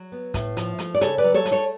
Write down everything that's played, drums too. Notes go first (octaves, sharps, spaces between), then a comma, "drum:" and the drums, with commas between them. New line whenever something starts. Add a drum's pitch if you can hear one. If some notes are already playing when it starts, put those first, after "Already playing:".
Already playing: F#3
B3
A2, drum: kick, hi-hat
F3, drum: hi-hat
A3, drum: hi-hat
D5
C#3 A4 C#5, drum: hi-hat
B4 D5
F#3
A4 C#5
A3, drum: hi-hat
A4 C#5